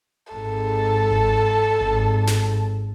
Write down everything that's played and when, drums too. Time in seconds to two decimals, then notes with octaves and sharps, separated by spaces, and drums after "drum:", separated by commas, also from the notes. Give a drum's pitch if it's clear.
0.33 G#1 G#2 A4
1.11 drum: kick G1
1.81 G#1, drum: kick G1
2.27 drum: snare